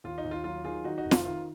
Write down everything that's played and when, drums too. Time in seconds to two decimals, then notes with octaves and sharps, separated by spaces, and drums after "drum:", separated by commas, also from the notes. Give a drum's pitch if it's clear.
0.04 D#2 F4
0.18 D#4
0.24 D#2
0.31 F4
0.44 F#3 F4
0.64 D#3 F4 G#4
0.84 D#3 D#4 F#4
0.98 D#4 F#4
1.05 F1
1.11 F4, drum: snare
1.25 D#3 F4